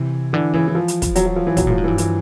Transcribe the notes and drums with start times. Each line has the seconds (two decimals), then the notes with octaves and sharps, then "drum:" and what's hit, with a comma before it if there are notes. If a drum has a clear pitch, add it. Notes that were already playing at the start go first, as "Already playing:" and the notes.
Already playing: C3 E3
0.33 D3 E3
0.53 C#3 E3
0.68 E3
0.75 F3
0.88 drum: hi-hat
1.02 drum: kick, hi-hat
1.15 F#3, drum: hi-hat
1.26 F#3
1.36 F3
1.47 E3
1.57 B2 F#3, drum: kick, hi-hat
1.67 A2 F3
1.78 G#2
1.84 G2 E3
1.98 E3, drum: hi-hat